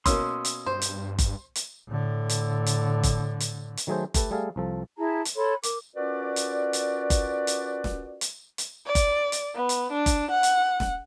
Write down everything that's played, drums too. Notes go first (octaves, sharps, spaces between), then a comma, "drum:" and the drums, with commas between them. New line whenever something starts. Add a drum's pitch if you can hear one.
B2 A#3 C#4 C6 D#6 E6, drum: kick F#1, hi-hat
drum: hi-hat
G2 C5
drum: hi-hat
drum: kick F#1, hi-hat
drum: hi-hat
A2 D3
drum: hi-hat
drum: hi-hat
drum: kick F#1, hi-hat
drum: hi-hat
drum: hi-hat
D#3 F#3 A3 G#4 A4 C5
A3 G4 A4 B4, drum: kick F#1, hi-hat
G3 A3 G#4 A4 F5
C2 F3 A4
E4 G#4 A5 A#5
drum: hi-hat
A4 C#5 B5 C6
A#4 D6, drum: hi-hat
C#4 F4 F#4 A#4 B4 D5
drum: hi-hat
drum: hi-hat
drum: kick F#1, hi-hat
drum: hi-hat
drum: snare
drum: hi-hat
drum: hi-hat
D5
drum: kick F#1, hi-hat
drum: hi-hat
B3
drum: hi-hat
D4
drum: kick F#1, hi-hat
F#5
drum: hi-hat
drum: snare